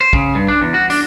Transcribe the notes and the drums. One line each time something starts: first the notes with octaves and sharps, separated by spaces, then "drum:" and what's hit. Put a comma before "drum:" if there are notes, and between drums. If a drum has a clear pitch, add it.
C5
C#3, drum: kick
G2
D4
E2
F#4
D4, drum: open hi-hat